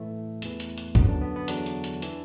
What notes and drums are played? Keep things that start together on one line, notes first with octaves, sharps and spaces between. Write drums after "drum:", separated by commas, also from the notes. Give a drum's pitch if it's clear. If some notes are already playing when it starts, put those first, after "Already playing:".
Already playing: A2 E3 A3
E2 E3, drum: hi-hat
drum: hi-hat
drum: hi-hat
F#2 D3 F#3 B3, drum: kick
D4
B3
B3
E2 D3 F#3 D4, drum: hi-hat
drum: hi-hat
drum: hi-hat
E3, drum: hi-hat